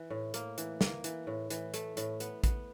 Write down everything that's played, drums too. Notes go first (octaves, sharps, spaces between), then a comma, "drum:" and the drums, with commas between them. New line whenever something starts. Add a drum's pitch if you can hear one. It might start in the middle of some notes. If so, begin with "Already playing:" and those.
Already playing: E3
A2
A#3, drum: hi-hat
E3, drum: hi-hat
A#3, drum: snare
E3, drum: hi-hat
A2
E3, drum: hi-hat
A3, drum: hi-hat
A2, drum: hi-hat
B3, drum: hi-hat
B3, drum: kick A1, hi-hat